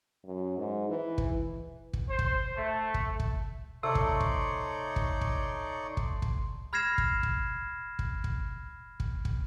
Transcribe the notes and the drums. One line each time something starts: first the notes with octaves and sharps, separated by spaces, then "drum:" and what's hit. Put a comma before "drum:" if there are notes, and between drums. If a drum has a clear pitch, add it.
F#2
G#2
E3
drum: kick
drum: kick
C5
drum: kick
A3
drum: kick
drum: kick
C3 A3 D#4 C#5 D5 C6
drum: kick
drum: kick
drum: kick
drum: kick
drum: kick
drum: kick
B5 F6 G#6 A#6 C7 E7
drum: kick
drum: kick
drum: kick
drum: kick
drum: kick
drum: kick